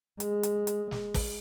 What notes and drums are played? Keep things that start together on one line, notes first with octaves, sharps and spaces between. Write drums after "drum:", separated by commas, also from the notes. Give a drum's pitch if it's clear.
G#3, drum: hi-hat
drum: hi-hat
drum: hi-hat
G#3, drum: snare
drum: kick, open hi-hat